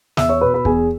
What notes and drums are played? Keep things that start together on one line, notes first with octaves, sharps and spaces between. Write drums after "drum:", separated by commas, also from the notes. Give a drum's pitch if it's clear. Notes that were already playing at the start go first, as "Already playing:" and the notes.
E2 E5 E6, drum: snare
C#5 C#6
B2 B4 B5
B4 B5
E2 G#4 G#5, drum: kick